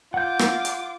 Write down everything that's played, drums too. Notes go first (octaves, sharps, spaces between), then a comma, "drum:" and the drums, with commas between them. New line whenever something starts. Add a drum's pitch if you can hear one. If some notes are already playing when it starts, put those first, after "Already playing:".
F4 F#5 D6 G6
drum: rim click
drum: hi-hat